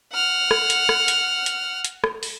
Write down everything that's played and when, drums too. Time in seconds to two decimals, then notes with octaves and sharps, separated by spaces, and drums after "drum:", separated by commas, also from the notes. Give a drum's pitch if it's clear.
0.13 F#5 F6
0.51 drum: rim click
0.70 drum: hi-hat
0.89 drum: rim click
1.08 drum: hi-hat
1.46 drum: hi-hat
1.85 drum: hi-hat
2.04 drum: rim click
2.23 drum: open hi-hat